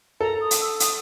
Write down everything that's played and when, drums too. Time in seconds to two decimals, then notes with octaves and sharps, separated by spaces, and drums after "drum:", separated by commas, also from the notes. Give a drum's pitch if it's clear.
0.20 A4 A#5
0.41 D#6
0.51 drum: hi-hat
0.61 E6
0.80 D#6, drum: hi-hat